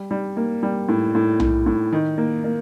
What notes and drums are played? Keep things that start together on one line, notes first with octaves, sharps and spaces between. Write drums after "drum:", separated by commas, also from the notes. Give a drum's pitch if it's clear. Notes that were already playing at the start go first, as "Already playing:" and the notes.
Already playing: G3
G3
A#3
G3
A2
A2
A2, drum: tom B1
A2
D#3
A#3
A#3